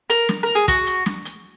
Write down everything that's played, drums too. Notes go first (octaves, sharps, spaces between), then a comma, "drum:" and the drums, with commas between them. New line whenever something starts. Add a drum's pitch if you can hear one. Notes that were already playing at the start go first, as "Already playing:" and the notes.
A#4, drum: hi-hat
drum: snare
A#4
G#4
F#4, drum: kick, hi-hat
drum: hi-hat
drum: snare
drum: hi-hat